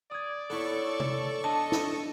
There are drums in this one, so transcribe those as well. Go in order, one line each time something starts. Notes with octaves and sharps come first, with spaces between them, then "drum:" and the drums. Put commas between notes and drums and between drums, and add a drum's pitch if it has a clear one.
D5 D#6 G#6
B3 E4 A4 C#5 C#6
drum: tom C3
D4 D#5 A5
drum: snare